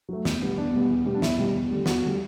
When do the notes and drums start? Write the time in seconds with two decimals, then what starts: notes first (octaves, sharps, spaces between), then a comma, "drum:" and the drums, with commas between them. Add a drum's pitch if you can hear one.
0.09 F#3 A3
0.25 E2, drum: snare
0.42 B2 G3 B3
0.58 E2 D4
0.73 B2 G3 B3
0.90 E2
1.06 B2 G3 B3
1.14 D4
1.22 E2 E4, drum: snare
1.37 B2 G3 B3
1.55 E2
1.71 D3 G3
1.86 E2 F#4, drum: snare
2.03 D3 G3